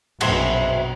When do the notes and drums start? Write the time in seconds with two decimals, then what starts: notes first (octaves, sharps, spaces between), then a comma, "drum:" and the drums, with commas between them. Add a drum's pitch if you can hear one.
0.21 A#1 F#2 B2 G#4 C5 E5, drum: cymbal